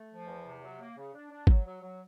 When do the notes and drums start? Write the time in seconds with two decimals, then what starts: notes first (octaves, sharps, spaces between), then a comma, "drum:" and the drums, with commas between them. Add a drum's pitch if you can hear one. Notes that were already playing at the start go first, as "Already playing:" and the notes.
Already playing: A3
0.11 F3
0.27 E2
0.45 C3
0.62 F#3
0.79 A#3
0.96 C#3
1.13 D4
1.31 D4
1.47 F#3, drum: kick
1.65 F#3
1.81 F#3